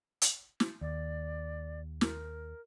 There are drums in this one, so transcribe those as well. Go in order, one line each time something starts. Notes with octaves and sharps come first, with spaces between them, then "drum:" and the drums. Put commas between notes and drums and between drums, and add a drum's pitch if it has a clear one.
drum: hi-hat
drum: snare
D#2 D5
A#4, drum: snare